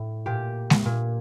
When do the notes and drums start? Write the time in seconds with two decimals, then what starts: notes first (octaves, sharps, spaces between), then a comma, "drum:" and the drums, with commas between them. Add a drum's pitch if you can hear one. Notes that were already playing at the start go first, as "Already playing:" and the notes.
Already playing: A2
0.26 A#2 G4
0.70 drum: snare G#3
0.85 A#2